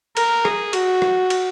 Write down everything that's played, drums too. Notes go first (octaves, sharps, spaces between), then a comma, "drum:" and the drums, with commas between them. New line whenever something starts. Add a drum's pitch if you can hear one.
A#4, drum: cymbal
G#4, drum: rim click
F#4, drum: cymbal
drum: rim click
drum: cymbal